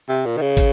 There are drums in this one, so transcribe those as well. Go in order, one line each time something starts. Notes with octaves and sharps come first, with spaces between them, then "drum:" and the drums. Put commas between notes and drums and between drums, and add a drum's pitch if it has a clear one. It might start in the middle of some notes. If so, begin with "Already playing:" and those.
C3
A#2
D#3
C#3
drum: kick, hi-hat